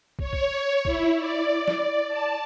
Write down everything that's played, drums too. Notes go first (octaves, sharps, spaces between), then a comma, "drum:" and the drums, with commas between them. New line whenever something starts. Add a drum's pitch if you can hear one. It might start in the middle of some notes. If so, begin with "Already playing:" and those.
C#5, drum: kick
drum: kick
E4, drum: kick
D5
drum: snare
A5